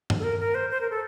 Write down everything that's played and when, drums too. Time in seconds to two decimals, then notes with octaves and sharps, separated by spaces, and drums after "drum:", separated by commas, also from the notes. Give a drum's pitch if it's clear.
0.10 drum: tom G2
0.19 A4
0.24 A#4
0.39 A#4
0.55 C5
0.70 C5
0.81 A#4
0.90 A4